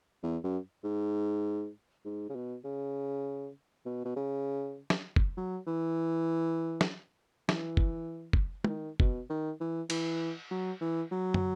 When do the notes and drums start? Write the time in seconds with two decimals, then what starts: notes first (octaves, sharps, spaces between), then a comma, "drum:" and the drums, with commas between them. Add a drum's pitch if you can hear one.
0.23 E2
0.44 F#2
0.84 G#2
2.05 G#2
2.29 C#3
2.35 B2
2.64 C#3
3.85 B2
4.05 B2
4.16 C#3
4.90 drum: snare
5.16 drum: kick
5.37 F#3
5.67 E3
6.81 drum: snare
7.49 E3, drum: snare
7.77 drum: kick
8.33 drum: kick
8.64 E3, drum: tom
8.69 D#3
9.00 B2, drum: kick
9.30 D#3
9.61 E3
9.90 E3, drum: cymbal
10.51 F#3
10.81 E3
11.12 F#3
11.34 drum: tom